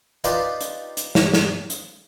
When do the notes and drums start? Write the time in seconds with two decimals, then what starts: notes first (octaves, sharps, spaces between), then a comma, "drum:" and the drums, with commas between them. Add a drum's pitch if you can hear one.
0.24 D#4 F4 G4 B4 D5 F5, drum: hi-hat
0.61 drum: hi-hat
0.97 drum: hi-hat
1.15 drum: snare
1.33 drum: snare
1.70 drum: hi-hat